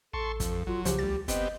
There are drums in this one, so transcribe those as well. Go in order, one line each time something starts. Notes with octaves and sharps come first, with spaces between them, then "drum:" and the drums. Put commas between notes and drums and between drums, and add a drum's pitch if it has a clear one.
A1 A4 A5 C6 C#6
F2, drum: kick, hi-hat
G1 F#3 F4
C2 C#3 F3 G4 C5, drum: hi-hat
D2 G3 A6
F#1 B3 C4 G4 D#5, drum: hi-hat